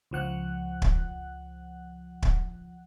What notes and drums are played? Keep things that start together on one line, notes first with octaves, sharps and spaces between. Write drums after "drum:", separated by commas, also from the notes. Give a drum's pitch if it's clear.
C#2 F3 F#5 F#6
drum: kick
drum: kick